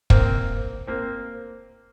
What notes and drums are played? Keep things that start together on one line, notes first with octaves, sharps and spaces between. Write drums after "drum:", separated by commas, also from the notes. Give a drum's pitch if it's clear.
A#3 C4, drum: kick
A#3 C4